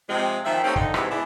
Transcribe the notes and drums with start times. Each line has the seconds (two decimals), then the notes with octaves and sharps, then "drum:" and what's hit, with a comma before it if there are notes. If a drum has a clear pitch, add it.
0.09 C3 F3 G#3
0.45 A#2 D#3 F3 E5
0.64 A3 A#3 C4 C#4 D#4 G4
0.76 F2 D3 D#4, drum: kick
0.94 G#2 C3 E3, drum: rim click
1.11 E2 G#3 D4 E4